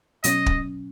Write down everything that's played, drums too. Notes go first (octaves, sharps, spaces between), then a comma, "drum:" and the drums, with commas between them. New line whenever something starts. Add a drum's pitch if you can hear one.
B2 F#3 C#4 D#5, drum: hi-hat
drum: kick